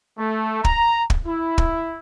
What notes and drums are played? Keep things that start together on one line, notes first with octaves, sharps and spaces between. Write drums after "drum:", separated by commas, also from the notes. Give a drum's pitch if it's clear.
A3
A#5, drum: kick
drum: kick
E4
drum: kick